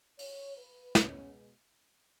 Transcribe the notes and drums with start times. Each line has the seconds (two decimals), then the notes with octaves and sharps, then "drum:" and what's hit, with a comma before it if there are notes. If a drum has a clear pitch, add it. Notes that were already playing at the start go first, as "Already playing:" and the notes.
0.19 C#5, drum: open hi-hat
0.57 B4
0.95 B2 G#3 B3 C#4, drum: snare